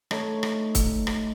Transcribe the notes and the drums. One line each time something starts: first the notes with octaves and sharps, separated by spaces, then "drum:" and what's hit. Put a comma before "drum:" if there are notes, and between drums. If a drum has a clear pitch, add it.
A3 D#4 C#5, drum: rim click
drum: rim click
drum: kick, hi-hat
drum: rim click